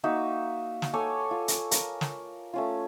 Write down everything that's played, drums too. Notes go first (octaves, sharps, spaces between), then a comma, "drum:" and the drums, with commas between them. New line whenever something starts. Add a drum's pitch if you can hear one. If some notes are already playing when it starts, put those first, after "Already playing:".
A#3 D#4 F#4 E5
drum: snare
A4 C#5 G#5 D6
F4
drum: hi-hat
A#4, drum: hi-hat
drum: snare
A3 C#4 F4